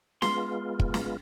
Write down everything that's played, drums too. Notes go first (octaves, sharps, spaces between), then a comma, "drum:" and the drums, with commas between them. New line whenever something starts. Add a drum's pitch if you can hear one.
G#3 B3 F4 C6, drum: snare
drum: kick
drum: snare